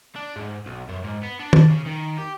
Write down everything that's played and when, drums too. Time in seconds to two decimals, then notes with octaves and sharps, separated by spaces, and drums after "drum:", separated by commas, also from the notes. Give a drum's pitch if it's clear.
0.16 D4
0.36 G#2
0.66 B1
0.89 F#2
1.04 G#2
1.23 B3
1.40 D4
1.53 drum: tom D#3
1.70 C#3
1.86 D#3
2.18 G4